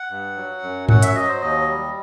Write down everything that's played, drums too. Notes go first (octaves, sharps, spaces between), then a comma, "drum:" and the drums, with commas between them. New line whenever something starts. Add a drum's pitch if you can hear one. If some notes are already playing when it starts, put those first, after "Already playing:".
Already playing: F#5
G2
F#3
F#2
F#3 F#5, drum: tom G#2
E5, drum: hi-hat
F#3 D#5
C5
D#2 D#5
G3